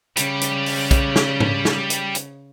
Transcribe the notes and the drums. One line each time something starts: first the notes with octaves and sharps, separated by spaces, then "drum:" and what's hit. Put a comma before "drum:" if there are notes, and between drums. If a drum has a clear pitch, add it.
C#3 G3, drum: hi-hat
drum: hi-hat
drum: open hi-hat
drum: kick, hi-hat
drum: snare
drum: tom G#2
drum: snare
drum: hi-hat
drum: hi-hat